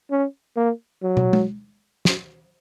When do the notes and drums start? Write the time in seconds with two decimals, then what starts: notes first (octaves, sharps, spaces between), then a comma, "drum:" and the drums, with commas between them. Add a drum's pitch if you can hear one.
0.11 C#4
0.57 A#3
1.03 F#3
1.17 drum: tom
1.33 drum: tom G#3
2.05 drum: snare